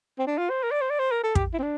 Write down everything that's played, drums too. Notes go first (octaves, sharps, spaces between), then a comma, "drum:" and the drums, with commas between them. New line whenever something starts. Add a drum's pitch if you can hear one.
C4
D4
F4
C5
A#4
D5
C5
D5
C5
A#4
A4
G4, drum: kick
E4
C4
D4